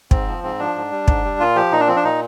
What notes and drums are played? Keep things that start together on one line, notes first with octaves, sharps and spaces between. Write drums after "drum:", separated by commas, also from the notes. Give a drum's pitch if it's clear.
G#2 C4, drum: kick
F3
G#2 C4
F3 D4
G#2
G3
G#2, drum: kick
G3
A#2 F4
F3 G4
A#2 D#4
D4
F3 C4
D4
A#2 D#4